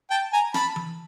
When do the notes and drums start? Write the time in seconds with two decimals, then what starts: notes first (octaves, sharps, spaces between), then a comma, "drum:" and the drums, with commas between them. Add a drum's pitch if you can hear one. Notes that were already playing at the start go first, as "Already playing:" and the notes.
0.11 G5 A5
0.33 G#5 A#5
0.54 A5 B5, drum: snare
0.76 drum: tom E3